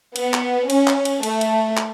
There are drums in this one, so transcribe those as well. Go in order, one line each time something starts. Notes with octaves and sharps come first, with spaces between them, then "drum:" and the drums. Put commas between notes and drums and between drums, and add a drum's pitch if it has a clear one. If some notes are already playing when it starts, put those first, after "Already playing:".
B3, drum: cymbal
drum: clap
C#4, drum: cymbal
drum: clap
drum: cymbal
A3, drum: cymbal
drum: cymbal
drum: clap